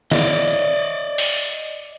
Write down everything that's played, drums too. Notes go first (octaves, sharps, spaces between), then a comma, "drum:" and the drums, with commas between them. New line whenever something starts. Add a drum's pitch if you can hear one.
D5 D#5, drum: snare
drum: open hi-hat